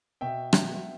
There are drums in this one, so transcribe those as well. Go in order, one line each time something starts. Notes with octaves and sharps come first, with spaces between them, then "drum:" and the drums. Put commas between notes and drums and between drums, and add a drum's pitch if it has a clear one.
B2 E5 G5
drum: rim click
F#3 B3